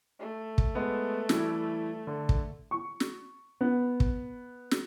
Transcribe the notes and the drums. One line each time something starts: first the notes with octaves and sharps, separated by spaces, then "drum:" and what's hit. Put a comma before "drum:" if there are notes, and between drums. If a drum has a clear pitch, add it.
A3
drum: kick
G#3 B3
E3 G3 E4, drum: snare
D3
drum: kick
C#6
drum: snare
B3
drum: kick
drum: snare